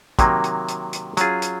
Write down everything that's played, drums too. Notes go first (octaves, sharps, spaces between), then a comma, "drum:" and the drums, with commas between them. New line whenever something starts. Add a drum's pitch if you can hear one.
C3 D#3 F#3 A#3, drum: kick, hi-hat
drum: hi-hat
drum: hi-hat
drum: hi-hat
F#3 C#4 F4 G#4, drum: hi-hat
drum: hi-hat